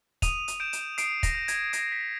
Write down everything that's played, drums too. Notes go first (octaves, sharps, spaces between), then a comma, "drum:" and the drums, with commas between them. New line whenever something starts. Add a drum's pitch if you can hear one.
D#6 D#7 F7, drum: kick, hi-hat
drum: hi-hat
G6 D7 E7
drum: hi-hat
D#6 C7 D7, drum: hi-hat
A#6, drum: kick, hi-hat
G6
G#6, drum: hi-hat
D#6 A#6, drum: hi-hat
B6